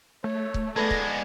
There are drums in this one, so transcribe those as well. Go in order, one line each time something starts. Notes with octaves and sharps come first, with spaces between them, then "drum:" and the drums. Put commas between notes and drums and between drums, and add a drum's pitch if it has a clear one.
A3 C#5
drum: kick C#1
G#3 B3 A4 B4 D5 A#6
drum: kick C#1